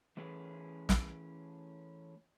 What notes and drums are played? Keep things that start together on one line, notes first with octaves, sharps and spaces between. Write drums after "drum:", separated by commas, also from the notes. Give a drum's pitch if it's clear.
E3 A3 C#4 G#4 B4
drum: snare